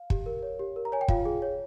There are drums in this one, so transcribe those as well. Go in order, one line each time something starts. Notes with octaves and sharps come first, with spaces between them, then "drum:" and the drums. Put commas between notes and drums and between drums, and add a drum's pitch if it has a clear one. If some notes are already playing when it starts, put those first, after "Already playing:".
Already playing: F5
G4, drum: kick
A#4
C#5
G4
A#4
A#5
C#5 G#5
G5
F4 F5, drum: kick
G#4
C#5